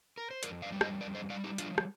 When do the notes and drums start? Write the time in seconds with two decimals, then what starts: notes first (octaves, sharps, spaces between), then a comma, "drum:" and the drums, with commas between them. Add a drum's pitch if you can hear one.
0.18 A#4
0.31 C5
0.43 F2 A#4 D5, drum: hi-hat
0.62 D5 F5
0.72 G3
0.81 C5 D#5, drum: rim click
1.01 F2 A#4 D5
1.15 C5 D#5
1.30 G3 D5 F5
1.44 D#4 G4
1.58 F3 D4 F4, drum: hi-hat
1.78 drum: rim click